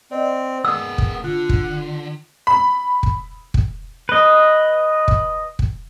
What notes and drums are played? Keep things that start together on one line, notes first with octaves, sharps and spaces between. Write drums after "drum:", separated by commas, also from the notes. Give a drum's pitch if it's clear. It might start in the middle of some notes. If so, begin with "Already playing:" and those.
C4 D5 D#5
A#3 B3 G#4 E6
drum: kick
D3 F4 F#5
drum: kick
B5
drum: kick
drum: kick
B4 D#5
drum: kick
drum: kick